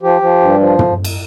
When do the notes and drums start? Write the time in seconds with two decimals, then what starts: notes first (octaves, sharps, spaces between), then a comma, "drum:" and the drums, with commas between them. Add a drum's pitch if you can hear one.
0.02 F3 G4
0.21 F3
0.40 G2
0.59 F3
0.79 drum: tom
1.04 drum: cymbal